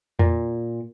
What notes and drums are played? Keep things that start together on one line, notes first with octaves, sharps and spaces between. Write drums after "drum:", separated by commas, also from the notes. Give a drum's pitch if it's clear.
A#2, drum: tom E2